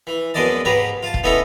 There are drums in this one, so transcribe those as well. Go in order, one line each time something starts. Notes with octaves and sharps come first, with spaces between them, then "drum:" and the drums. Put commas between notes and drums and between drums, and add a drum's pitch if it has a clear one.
E3
F#2 G#3 B3 D5 D#5 A5
G#2 G4 G#4 B4 A#5
F4 A5
drum: kick E1
B3 C#4 D#4 E4 A4 A#5